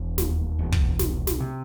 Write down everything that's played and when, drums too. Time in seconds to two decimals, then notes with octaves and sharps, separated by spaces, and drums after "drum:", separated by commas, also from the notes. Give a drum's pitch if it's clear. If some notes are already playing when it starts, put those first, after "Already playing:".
Already playing: E1
0.18 D#2, drum: snare
0.59 E1
0.72 drum: kick
0.99 C2, drum: snare
1.27 drum: snare
1.40 C3